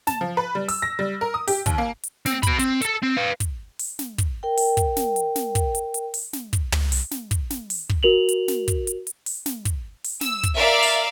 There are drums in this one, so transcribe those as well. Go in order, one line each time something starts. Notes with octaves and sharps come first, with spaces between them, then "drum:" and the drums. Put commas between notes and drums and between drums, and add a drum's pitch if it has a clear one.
A5, drum: snare
F3
B4
G3
E6, drum: open hi-hat
A#6
G3
A#4
D#6
G4, drum: open hi-hat
D#2, drum: kick, hi-hat
A#3
drum: hi-hat
C4, drum: snare
F#4 B5, drum: kick, hi-hat
C4, drum: hi-hat
A4 A5, drum: hi-hat
C4
B4 F5
drum: kick, hi-hat
drum: open hi-hat
drum: snare
drum: kick, hi-hat
A#4 G5
drum: open hi-hat
drum: kick, hi-hat
drum: snare
drum: hi-hat
drum: snare
drum: kick, hi-hat
drum: hi-hat
drum: hi-hat
drum: open hi-hat
drum: snare
drum: kick, hi-hat
drum: tom
drum: open hi-hat
drum: snare
drum: kick, hi-hat
drum: snare
drum: open hi-hat
drum: kick
F#4 A#4 F7 F#7
drum: hi-hat
drum: snare
drum: kick, hi-hat
drum: hi-hat
drum: hi-hat
drum: open hi-hat
drum: snare
drum: kick, hi-hat
drum: open hi-hat
E6, drum: snare
drum: kick, hi-hat
A#4 D5 E5 F5
drum: open hi-hat